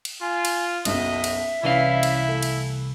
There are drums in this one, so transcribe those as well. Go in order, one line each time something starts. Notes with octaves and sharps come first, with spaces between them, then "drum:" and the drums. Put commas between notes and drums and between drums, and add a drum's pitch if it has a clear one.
drum: cymbal
F4 G#5
drum: cymbal
F#1 B1 B2 D#5 E5, drum: cymbal
drum: cymbal
C2 E3 C#4 E4 B4 D5 F5
drum: cymbal
A3
drum: cymbal